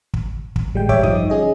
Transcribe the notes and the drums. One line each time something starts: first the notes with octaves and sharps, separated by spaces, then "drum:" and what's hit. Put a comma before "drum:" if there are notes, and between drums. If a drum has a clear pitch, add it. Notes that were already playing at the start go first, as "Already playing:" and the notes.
drum: kick
drum: kick
A1 G3 G#3 G5
C#5 E5 G5 D6, drum: kick
G1 G2 F3 D#4 D#6, drum: kick
C#4 G#4 D#5